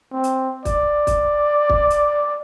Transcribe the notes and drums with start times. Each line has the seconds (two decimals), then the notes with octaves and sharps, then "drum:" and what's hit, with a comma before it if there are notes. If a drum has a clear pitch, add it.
0.13 C4
0.24 drum: hi-hat
0.65 D5, drum: kick, hi-hat
1.07 drum: kick, hi-hat
1.70 drum: kick
1.90 drum: hi-hat